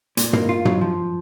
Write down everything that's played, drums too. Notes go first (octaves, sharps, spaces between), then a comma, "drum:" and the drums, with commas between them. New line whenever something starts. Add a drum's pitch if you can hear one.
A#2, drum: hi-hat
A#3, drum: tom
F4
F#3, drum: tom
F3